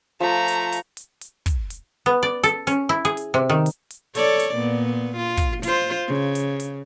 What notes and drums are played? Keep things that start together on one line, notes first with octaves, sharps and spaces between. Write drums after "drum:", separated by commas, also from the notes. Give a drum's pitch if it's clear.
F3 A3 A#5
drum: hi-hat
drum: hi-hat
drum: hi-hat
drum: hi-hat
drum: kick, hi-hat
drum: hi-hat
B3
D5
A4, drum: hi-hat
C#4, drum: hi-hat
E4
G#4
drum: hi-hat
C3
D#3
drum: hi-hat
drum: hi-hat
A4 C#5 D5, drum: hi-hat
drum: hi-hat
A#2 B3
F4
drum: kick, hi-hat
F4 C5, drum: hi-hat
C#3
drum: hi-hat
drum: hi-hat